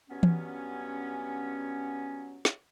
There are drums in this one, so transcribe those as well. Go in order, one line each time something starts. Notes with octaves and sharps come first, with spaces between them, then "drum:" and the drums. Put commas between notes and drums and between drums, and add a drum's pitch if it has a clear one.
G2 F#3 B3 C#4
drum: tom E3
drum: snare